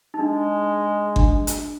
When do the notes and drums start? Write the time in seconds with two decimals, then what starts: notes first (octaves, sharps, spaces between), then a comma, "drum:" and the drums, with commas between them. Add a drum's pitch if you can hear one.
0.14 D#4
0.19 G#3 D4
1.16 D4, drum: kick G1
1.47 drum: hi-hat